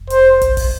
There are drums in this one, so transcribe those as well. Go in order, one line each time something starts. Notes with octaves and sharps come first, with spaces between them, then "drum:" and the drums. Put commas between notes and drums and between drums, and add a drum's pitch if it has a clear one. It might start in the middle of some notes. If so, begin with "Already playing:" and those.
Already playing: F1
C5, drum: hi-hat
drum: kick, hi-hat
drum: kick, open hi-hat